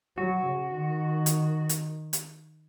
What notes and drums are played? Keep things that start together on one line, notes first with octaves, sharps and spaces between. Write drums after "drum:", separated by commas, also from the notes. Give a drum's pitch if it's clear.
F#3 F#4
C#3
D#3
drum: hi-hat
drum: hi-hat
drum: hi-hat